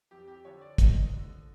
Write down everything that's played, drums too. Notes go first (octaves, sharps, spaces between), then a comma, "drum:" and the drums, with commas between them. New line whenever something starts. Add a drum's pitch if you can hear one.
F2 G4
G4
D3 F3 C#5
D5
F2 D#5, drum: kick, hi-hat
D3 F3